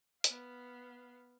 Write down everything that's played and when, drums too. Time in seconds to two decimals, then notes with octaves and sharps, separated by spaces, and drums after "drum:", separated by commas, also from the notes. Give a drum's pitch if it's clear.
0.24 B3 F5, drum: hi-hat